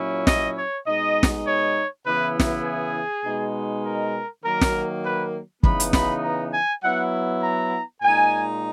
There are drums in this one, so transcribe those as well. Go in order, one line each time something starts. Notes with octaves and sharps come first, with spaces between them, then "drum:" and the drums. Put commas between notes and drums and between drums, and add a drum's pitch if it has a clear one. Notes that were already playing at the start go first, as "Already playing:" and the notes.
Already playing: A#2 F#3 C#4 E4
D#5, drum: snare
C#5
B2 G#3 D#4 D#5
drum: snare
C#5
C#3 E3 B3 E4 B4
drum: snare
G#4
B2 G#3 D#4
A#4
D#3 F#3 A#3 A#4
drum: snare
B4
C#3 E3 B3 D#4 B5, drum: kick
drum: hi-hat
B5, drum: snare
A#5
G#5
F#3 B3 E4 F#5
A#5
A#2 G#3 D#4 G#5